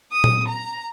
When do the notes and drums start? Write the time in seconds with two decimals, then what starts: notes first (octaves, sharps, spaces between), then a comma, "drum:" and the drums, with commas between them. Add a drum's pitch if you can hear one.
0.11 D#6
0.24 drum: tom A#2
0.47 A#5